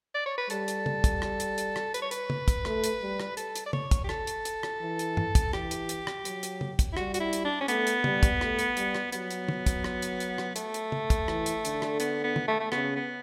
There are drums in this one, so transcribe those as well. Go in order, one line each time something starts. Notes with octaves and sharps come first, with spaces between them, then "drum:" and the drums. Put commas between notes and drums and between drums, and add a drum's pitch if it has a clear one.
D5
C#5
B4
G3 A4, drum: hi-hat
drum: hi-hat
drum: tom
drum: kick, hi-hat
drum: rim click
drum: hi-hat
drum: hi-hat
drum: rim click
B4, drum: hi-hat
C#5
B4, drum: hi-hat
drum: tom
drum: kick, hi-hat
A3, drum: rim click
drum: hi-hat
G3
drum: rim click
A4, drum: hi-hat
drum: hi-hat
D5
C#5, drum: tom
drum: kick, hi-hat
G4
A4, drum: rim click
drum: hi-hat
drum: hi-hat
drum: rim click
E3
drum: hi-hat
drum: tom
drum: kick, hi-hat
E3 G4, drum: rim click
drum: hi-hat
drum: hi-hat
drum: rim click
F#3, drum: hi-hat
drum: hi-hat
drum: tom
drum: kick, hi-hat
E4
G3 F#4, drum: rim click
F#4, drum: hi-hat
E4
drum: hi-hat
D4
C#4
A3 B3, drum: hi-hat
drum: hi-hat
G3, drum: tom
drum: kick, hi-hat
A3, drum: rim click
drum: hi-hat
G3, drum: hi-hat
drum: rim click
F#3 B3, drum: hi-hat
drum: hi-hat
drum: tom
drum: kick, hi-hat
drum: rim click
drum: hi-hat
drum: hi-hat
drum: rim click
A3, drum: hi-hat
drum: hi-hat
drum: tom
drum: kick, hi-hat
E3, drum: rim click
drum: hi-hat
D3, drum: hi-hat
drum: rim click
B3, drum: hi-hat
B3
drum: tom
A3
A3
C#3 B3, drum: rim click
B3